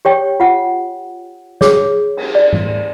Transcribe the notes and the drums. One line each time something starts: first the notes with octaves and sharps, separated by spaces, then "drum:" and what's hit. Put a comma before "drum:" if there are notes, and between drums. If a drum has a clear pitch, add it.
G4 C#5 G5
F4 F#5
G#4 C#5, drum: snare
drum: cymbal
D5
drum: tom G#2